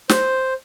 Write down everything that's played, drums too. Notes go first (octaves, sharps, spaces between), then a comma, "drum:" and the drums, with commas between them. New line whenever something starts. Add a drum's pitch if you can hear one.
C5, drum: snare